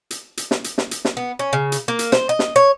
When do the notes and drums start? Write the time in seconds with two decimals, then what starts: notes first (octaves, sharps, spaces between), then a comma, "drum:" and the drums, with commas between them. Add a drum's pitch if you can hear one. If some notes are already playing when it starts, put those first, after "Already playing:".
0.11 drum: hi-hat
0.37 drum: hi-hat
0.51 drum: snare
0.64 drum: hi-hat
0.78 drum: snare
0.91 drum: hi-hat
1.05 drum: snare
1.17 B3
1.39 C#4
1.53 C#3
1.72 drum: hi-hat
1.88 A#3
1.99 drum: hi-hat
2.12 C5, drum: snare
2.29 D#5
2.39 drum: snare
2.56 C#5